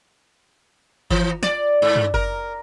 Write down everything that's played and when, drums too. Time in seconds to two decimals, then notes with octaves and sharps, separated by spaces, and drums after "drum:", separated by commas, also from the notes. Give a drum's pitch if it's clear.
1.10 E3, drum: kick G1
1.43 D5, drum: snare
1.82 G#2
1.96 drum: tom
2.14 A#4, drum: kick G1